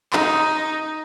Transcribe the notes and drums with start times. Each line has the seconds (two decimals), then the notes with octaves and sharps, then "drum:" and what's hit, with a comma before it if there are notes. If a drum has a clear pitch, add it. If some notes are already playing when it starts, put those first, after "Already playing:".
0.13 D#4, drum: clap